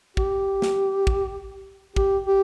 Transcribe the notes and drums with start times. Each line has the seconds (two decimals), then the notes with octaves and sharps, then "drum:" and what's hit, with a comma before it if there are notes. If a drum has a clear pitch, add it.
0.17 G4, drum: kick
0.62 drum: snare
1.07 drum: kick
1.96 G4, drum: kick
2.27 G4